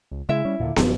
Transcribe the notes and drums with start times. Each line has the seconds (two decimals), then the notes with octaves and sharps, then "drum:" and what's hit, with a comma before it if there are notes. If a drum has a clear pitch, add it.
0.11 C#2
0.29 C#3 G#3 E4 E5
0.45 G3 C#4
0.60 D#2 A#2 D3
0.76 D1 F#2 F3, drum: snare